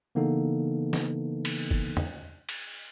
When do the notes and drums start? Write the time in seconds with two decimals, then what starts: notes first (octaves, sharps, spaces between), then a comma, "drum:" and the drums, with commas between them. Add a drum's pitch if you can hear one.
0.15 C#3 E3 A#3 B3 D#4 A4
0.93 drum: snare
1.45 drum: cymbal
1.71 drum: kick
1.97 drum: tom
2.49 drum: cymbal